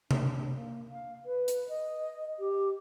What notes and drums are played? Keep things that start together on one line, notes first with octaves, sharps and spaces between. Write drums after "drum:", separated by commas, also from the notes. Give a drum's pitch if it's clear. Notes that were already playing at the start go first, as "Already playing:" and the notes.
D4, drum: tom C3
A#3
F5
B4
drum: hi-hat
D#5
G4